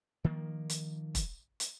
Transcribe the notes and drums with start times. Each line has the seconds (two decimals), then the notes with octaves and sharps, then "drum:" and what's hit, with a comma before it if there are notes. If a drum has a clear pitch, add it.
0.24 D#3 F3 A#3
0.70 drum: hi-hat
1.15 drum: kick E1, hi-hat
1.60 drum: hi-hat